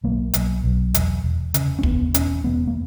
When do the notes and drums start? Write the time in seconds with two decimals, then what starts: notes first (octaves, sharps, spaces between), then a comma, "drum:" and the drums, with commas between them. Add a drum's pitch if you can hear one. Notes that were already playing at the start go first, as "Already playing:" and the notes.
0.04 B1 A#3
0.34 B1, drum: hi-hat
0.64 B1
0.94 E1, drum: hi-hat
1.24 E1
1.54 C#3, drum: hi-hat
1.79 C#4
1.83 D#2 B3, drum: kick
2.14 E1 C#4, drum: hi-hat
2.44 E1 B3
2.67 A#3